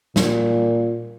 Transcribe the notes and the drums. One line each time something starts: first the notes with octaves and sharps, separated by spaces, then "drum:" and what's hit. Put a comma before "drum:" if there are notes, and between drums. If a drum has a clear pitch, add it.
A#2, drum: snare